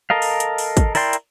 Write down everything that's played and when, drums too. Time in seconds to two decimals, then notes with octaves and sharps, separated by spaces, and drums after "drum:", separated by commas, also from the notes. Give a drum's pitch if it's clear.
0.10 A4 A#4 D#5 F5
0.22 drum: open hi-hat
0.40 drum: hi-hat
0.58 drum: open hi-hat
0.77 drum: kick, hi-hat
0.95 E4 A#4 D5 G5 C6, drum: open hi-hat
1.13 drum: hi-hat